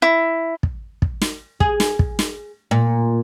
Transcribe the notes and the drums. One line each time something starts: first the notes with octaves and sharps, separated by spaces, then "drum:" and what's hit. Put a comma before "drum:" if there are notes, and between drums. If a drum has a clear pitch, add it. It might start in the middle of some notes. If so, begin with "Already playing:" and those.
E4
drum: kick
drum: kick
drum: snare
G#4, drum: kick
drum: snare
drum: kick
drum: snare
A#2